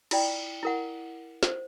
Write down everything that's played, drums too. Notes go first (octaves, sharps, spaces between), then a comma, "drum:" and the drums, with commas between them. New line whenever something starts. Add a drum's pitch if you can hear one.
E4 F4 D5 G5, drum: cymbal
E4 A#4 F#5
C5, drum: snare